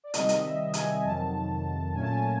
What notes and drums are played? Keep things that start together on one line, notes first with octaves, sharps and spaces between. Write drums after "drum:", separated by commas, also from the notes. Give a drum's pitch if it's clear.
D5
C3 D#3 G3 D#5, drum: hi-hat
drum: hi-hat
E5
G#5, drum: hi-hat
F2 C3 D#3 F#3 A5
A#2 F#3 A3 C#4 G#5
A5
G#5